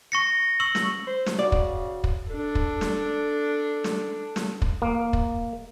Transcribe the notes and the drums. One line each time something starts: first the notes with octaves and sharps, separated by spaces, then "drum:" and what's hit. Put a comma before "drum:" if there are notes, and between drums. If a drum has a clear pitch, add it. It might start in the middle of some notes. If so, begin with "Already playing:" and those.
C#6 A#6 C#7
C#6 E6 F#7
drum: snare
C5
drum: snare
C#3 F#4 D5
drum: kick
drum: kick
D4 A4
drum: kick
drum: snare
drum: snare
drum: snare
drum: kick
A#3
drum: kick